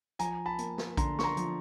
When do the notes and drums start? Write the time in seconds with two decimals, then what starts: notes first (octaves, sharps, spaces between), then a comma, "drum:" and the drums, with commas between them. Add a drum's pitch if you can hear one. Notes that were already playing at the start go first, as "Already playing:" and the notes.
0.19 F3 G#5 A#5, drum: hi-hat
0.46 A5 B5
0.58 A#3, drum: hi-hat
0.78 drum: snare
0.97 D3 A#5 C6, drum: kick A#1, hi-hat
1.19 C#6, drum: snare
1.23 A#5 C6
1.37 F3, drum: hi-hat